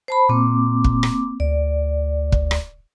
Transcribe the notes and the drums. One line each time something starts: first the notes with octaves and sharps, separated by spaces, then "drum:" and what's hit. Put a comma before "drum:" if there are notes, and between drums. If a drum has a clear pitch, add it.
C5 A5 B5
A#2 A#3 C4 D6
drum: kick
drum: rim click
D2 D5
drum: kick
drum: rim click